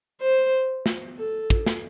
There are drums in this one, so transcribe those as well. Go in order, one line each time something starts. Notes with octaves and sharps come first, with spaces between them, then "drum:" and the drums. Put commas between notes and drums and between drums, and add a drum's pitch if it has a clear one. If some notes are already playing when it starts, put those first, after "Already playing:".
C5
drum: snare
A4
drum: kick
drum: snare